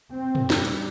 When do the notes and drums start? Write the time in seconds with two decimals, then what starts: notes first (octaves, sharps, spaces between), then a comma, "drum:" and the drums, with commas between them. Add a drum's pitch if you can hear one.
0.14 C4
0.35 drum: tom
0.50 G3, drum: snare
0.65 drum: hi-hat